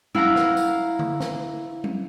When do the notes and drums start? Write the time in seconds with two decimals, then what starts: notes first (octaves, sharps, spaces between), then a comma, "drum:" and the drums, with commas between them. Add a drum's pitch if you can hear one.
0.15 E4 F5 F#5 A#5, drum: tom F#3
0.36 drum: snare
0.57 drum: tambourine
0.99 drum: tom D3
1.20 drum: snare
1.84 drum: tom F#3